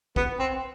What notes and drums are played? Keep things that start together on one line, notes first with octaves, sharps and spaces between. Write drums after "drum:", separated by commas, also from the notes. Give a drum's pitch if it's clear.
B3, drum: kick
C4